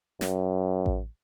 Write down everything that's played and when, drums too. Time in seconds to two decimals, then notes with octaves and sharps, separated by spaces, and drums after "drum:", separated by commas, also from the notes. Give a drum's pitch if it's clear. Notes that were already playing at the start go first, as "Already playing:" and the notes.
0.21 F#2, drum: snare
0.86 drum: kick A1